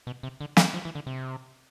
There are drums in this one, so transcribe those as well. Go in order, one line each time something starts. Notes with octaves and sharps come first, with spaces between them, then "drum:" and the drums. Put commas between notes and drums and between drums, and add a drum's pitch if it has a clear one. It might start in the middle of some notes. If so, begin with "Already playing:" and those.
B2
C3
D3
E3, drum: snare
F3
E3
D3
C3